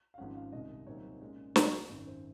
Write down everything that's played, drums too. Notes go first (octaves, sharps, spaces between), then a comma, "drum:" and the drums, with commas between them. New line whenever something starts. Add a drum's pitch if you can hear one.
F5
G#1 G#2 F3 G#3 C#4 F#5
F5
C2 C3 D#3 G#3 D#5
C2 A#2 F#3 C4 D#4 C#5
A#2 G#3 C#4
C2 A#2 F#3 C5, drum: snare
G#1 F#2 D#3
C5